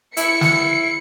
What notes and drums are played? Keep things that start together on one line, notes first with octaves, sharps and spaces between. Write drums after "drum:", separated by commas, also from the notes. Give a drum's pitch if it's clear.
E4 C#7, drum: hi-hat
drum: snare